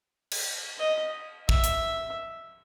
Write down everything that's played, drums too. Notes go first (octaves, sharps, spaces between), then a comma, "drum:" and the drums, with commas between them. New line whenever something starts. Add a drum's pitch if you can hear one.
drum: cymbal
D#5
E5, drum: kick
drum: hi-hat